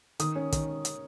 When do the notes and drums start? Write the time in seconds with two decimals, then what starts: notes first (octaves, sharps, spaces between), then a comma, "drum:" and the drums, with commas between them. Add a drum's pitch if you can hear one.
0.19 D#3 D#6, drum: hi-hat
0.35 C#4
0.52 D#3, drum: kick, hi-hat
0.85 drum: hi-hat